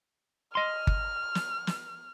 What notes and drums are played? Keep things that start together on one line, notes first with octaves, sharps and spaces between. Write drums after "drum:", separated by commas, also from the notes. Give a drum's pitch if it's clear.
D#5 C6 F6
drum: kick G1
drum: snare
drum: snare